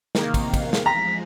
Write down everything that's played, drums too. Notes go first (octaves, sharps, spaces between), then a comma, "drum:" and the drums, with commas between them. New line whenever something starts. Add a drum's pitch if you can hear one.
E2 C3 D#3 A#3 F5, drum: snare
drum: kick, cymbal
drum: kick, cymbal
drum: snare
F3 G#3 G#4 A#5 B6